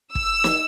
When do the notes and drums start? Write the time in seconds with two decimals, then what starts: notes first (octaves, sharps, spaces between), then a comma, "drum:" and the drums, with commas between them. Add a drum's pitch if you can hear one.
0.15 E6, drum: kick
0.44 drum: snare